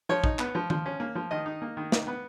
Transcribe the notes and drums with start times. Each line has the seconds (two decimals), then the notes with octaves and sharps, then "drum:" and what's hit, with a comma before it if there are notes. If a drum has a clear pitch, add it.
0.09 F3 C#5
0.24 D#4, drum: kick
0.39 B3, drum: clap
0.55 F3
0.70 F3, drum: tom D#3
0.86 C#4
1.00 A#3
1.15 F3
1.31 D#3 D#5
1.46 D#4
1.62 A#3
1.77 D#3
1.92 D#4, drum: snare
2.07 B3